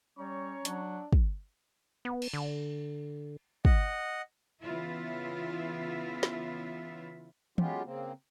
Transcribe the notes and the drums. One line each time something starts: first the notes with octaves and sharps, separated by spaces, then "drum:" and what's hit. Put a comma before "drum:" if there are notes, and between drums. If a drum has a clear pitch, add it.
G3 C#4 C#5 A#5 C#6
F#3 D4, drum: hi-hat
drum: kick
B3
drum: cymbal
D3
D#5 F#5, drum: kick
C#3 E3 B3 E4 F4 E5
drum: snare
F#3 G#3 B3 C#4 F4 G4, drum: tom
C#3 A#3 C4